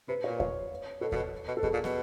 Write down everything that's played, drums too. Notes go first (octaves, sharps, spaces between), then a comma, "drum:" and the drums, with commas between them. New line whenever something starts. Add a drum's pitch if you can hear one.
C3 B4
A#2 C#5
C#5, drum: kick E2
B2 A4
A#2, drum: kick E2
B2
B2
A4
B2 G#4, drum: kick E2
A#2
B2, drum: snare